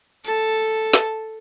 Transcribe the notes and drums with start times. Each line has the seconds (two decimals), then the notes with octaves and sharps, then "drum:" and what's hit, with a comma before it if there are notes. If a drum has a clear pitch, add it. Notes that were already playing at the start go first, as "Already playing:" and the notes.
0.25 A4 A5, drum: tambourine
0.93 drum: snare